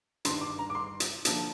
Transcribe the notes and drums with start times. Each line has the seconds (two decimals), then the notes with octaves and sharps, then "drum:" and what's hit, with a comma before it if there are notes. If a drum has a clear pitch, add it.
0.25 G1 G2 D#3 C6, drum: hi-hat
0.41 D6
0.58 A#5
0.70 D6
0.75 C6
1.00 drum: hi-hat
1.25 D3 F3 A#3, drum: hi-hat